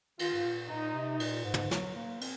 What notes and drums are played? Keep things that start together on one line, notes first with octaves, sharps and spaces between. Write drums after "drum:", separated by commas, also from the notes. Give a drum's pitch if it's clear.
D#3 F4, drum: cymbal
G#2
A#2
A#2 D#4
C3
A#2, drum: cymbal
G#2
drum: tom
F#3, drum: snare
A#3
C4, drum: cymbal